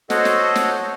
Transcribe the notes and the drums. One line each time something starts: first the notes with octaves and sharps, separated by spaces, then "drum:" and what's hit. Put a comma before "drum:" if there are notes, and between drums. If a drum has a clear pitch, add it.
F#4 A4 C5 C#5 D#5 F#5, drum: snare
drum: snare
drum: snare